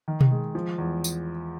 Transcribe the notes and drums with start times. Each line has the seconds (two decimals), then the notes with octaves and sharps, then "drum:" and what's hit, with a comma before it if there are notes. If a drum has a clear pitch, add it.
0.08 D#3
0.21 drum: tom B2
0.32 G#3
0.55 F3
0.78 E2
1.04 drum: tambourine